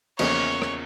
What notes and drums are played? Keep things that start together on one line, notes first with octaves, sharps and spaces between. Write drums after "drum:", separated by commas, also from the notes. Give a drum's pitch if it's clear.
E2 C#3 F3 A#3 C#5, drum: cymbal
drum: rim click